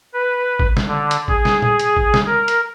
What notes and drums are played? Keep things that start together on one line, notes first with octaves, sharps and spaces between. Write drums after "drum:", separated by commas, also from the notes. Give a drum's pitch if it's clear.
B4
drum: kick G#1
drum: snare
D3
drum: hi-hat
G#4, drum: kick G#1
drum: snare
drum: tom
drum: hi-hat
drum: kick G#1
drum: snare
A#4
drum: hi-hat